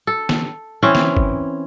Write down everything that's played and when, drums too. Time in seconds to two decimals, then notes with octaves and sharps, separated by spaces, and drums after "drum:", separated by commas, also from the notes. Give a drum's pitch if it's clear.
0.07 A4
0.29 drum: snare
0.83 E3 C4 C#4
0.95 drum: snare
1.17 drum: kick